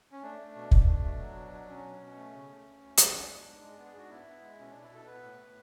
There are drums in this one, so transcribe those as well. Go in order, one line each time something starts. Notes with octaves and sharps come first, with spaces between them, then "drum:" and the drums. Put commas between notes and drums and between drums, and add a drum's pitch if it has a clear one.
C#4
A3 D4
A3
B2
A3, drum: kick
A3
B2
F#3
B2
F#3
F#3 C#4
B2
B2
A3
C#3
A3
D2
D2
C#3, drum: hi-hat
B3 D4
G#3
G#2
G#3
B3
G#4
G#2 F#4
B3 E4
B3
G#3
B2 C#4
B2 D4
E4
B2 A4
B3 B4
A2
A2